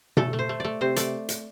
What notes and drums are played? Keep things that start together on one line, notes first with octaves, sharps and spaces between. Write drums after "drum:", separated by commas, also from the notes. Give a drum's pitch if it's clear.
A3 A4, drum: tom B2
A3
C5
A3
A3 D5
C3 C5
A3 D5, drum: hi-hat
drum: hi-hat